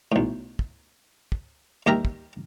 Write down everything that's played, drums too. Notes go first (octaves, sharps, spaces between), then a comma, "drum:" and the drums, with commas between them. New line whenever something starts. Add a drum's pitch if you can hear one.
B1 A2
drum: kick
drum: kick
D#2 G4 A#4 E5 A#5
drum: kick